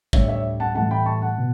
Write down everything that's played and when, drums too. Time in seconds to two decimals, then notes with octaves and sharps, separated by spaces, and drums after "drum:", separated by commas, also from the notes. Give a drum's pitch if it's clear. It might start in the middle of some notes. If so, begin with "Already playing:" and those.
0.13 A2 G3 D4 C#5 E5, drum: kick
0.28 C#5 E5
0.60 F#5 A5
0.75 A2 E3 G3 F#5 A5
0.91 G5 B5
1.06 A5 C#6
1.22 F#5 A5
1.38 B2